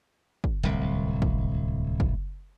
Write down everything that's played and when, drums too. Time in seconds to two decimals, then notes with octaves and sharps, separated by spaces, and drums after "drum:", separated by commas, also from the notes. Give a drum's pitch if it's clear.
0.44 drum: kick
0.63 D1 C2
1.22 drum: kick
2.00 drum: kick